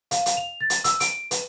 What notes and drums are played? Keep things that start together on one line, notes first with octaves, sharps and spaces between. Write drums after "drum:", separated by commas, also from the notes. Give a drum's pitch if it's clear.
F5, drum: hi-hat
drum: hi-hat
F7
A6
drum: hi-hat
E6, drum: hi-hat
D7, drum: hi-hat
B4, drum: hi-hat